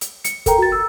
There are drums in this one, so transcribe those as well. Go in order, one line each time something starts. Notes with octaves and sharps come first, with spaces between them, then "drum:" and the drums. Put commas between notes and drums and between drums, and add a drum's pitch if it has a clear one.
drum: hi-hat
C#7, drum: hi-hat
A4 A#4 G5 A#5, drum: kick, hi-hat
F#4 A6
E6